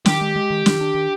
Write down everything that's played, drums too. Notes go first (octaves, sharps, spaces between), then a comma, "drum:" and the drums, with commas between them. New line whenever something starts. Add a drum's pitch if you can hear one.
D#3 G4, drum: snare
G#3
G#3
D#3
D#3, drum: snare
D4
D#3